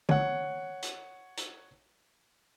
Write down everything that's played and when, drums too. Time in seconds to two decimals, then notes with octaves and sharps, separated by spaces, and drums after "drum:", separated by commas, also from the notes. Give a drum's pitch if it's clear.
0.09 C#5 F#5, drum: tom D3
0.82 drum: hi-hat
1.37 drum: hi-hat